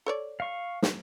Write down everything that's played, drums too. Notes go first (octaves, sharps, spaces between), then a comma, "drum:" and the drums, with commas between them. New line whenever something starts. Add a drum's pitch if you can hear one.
A4 C#5 D5
F5 C#6
drum: snare